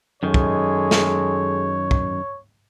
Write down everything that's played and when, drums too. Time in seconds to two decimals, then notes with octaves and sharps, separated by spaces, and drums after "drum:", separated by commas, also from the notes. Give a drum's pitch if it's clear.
0.23 F#2 D#3 G#3 G#4 A4 C#5
0.34 drum: kick
0.91 drum: snare
1.91 drum: kick